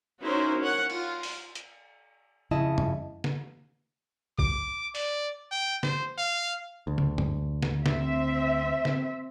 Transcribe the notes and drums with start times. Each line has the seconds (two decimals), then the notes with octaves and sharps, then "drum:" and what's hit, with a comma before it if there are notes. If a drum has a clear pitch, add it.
0.23 C#4 D#4 E4 F#4 A#4 C5
0.59 C#4 F#5
0.90 F4, drum: cymbal
1.23 drum: open hi-hat
1.55 drum: hi-hat
2.51 F2 C#3 E4 D#5 A5
2.78 drum: tom F#2
3.24 drum: snare
4.39 D6, drum: kick
4.95 D5, drum: open hi-hat
5.51 G5
5.83 C5, drum: snare
6.18 F5
6.87 D2
6.98 drum: tom
7.18 drum: tom F#2
7.63 drum: snare
7.86 C4 E5, drum: snare
8.85 drum: snare